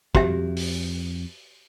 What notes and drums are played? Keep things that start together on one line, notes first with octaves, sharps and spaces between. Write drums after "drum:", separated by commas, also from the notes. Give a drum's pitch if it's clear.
F2 F#4 G4 E5, drum: kick
drum: open hi-hat